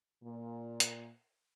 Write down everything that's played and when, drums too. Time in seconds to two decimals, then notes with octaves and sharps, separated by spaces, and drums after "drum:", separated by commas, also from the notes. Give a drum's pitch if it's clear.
0.23 A#2
0.80 drum: hi-hat